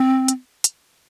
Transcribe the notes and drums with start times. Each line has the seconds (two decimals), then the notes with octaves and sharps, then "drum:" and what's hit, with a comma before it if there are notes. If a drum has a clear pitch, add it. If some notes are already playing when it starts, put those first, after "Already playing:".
Already playing: C4
0.28 drum: hi-hat
0.64 drum: hi-hat